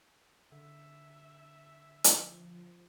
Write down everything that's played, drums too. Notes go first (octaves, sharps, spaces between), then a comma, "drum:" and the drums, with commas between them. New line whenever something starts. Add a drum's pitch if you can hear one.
D3 E5
drum: hi-hat
F3